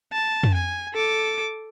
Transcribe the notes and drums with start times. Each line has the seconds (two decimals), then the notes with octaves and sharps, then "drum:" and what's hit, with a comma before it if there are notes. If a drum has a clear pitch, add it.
0.13 A5
0.43 drum: tom F2
0.55 G#5
0.94 A4 D6